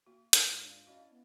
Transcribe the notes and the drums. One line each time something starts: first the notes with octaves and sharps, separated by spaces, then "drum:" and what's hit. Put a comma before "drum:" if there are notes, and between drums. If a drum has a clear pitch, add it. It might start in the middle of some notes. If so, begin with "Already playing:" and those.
A#3 F#4
G#2 D4 F4 A6, drum: hi-hat
D5 F5
C#4 D4 E4 F#4 D#5
B3